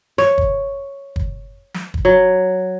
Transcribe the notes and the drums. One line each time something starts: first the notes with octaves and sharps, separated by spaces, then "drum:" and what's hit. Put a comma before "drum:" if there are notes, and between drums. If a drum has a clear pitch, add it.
C#5, drum: snare
drum: kick
drum: kick
drum: snare
drum: kick
F#3